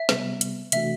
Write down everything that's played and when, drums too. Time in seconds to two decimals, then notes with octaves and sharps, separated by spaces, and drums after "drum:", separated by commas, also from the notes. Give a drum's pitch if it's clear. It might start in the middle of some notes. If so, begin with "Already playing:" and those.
Already playing: E5
0.09 C3 G3 B3, drum: snare
0.41 drum: hi-hat
0.72 C3 E3 A3 D4 F#4 E5, drum: hi-hat